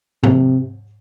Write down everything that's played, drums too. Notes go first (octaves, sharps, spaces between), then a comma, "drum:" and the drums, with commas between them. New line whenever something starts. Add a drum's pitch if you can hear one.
C3, drum: tom G#2